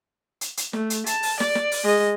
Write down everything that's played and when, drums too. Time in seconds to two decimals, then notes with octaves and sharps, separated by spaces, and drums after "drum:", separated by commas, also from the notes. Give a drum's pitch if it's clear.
0.41 drum: hi-hat
0.57 drum: hi-hat
0.73 A3, drum: snare
0.90 drum: hi-hat
1.06 A5, drum: hi-hat
1.23 drum: open hi-hat
1.40 D5, drum: snare
1.55 drum: snare
1.72 drum: open hi-hat
1.83 G#3 D#5